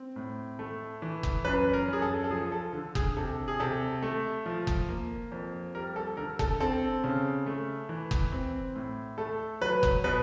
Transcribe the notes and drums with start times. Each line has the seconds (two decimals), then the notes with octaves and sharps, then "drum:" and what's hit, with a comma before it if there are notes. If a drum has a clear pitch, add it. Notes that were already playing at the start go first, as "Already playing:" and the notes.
Already playing: C4
0.16 A2
0.59 A3
1.02 E3
1.23 drum: kick F#1
1.45 F#2 B4
1.73 A#4
1.88 F#2 G#4
2.02 A4
2.24 A4
2.31 F3 G#4
2.52 A4
2.73 D3
2.95 G#4, drum: kick F#1
3.17 C3 A4
3.48 G#4
3.60 C3 A4
4.02 A3
4.46 F3
4.67 drum: kick F#1
4.89 A#3
5.31 F2
5.75 G3 A#4
5.96 A4
6.17 D3 A#4
6.39 A4, drum: kick F#1
6.60 C4 A4
7.04 C#3
7.46 A3
7.89 E3
8.11 drum: kick F#1
8.32 C4
8.75 A2
9.18 A3 A4
9.61 F#3 B4
9.83 drum: kick F#1
10.04 B2 B4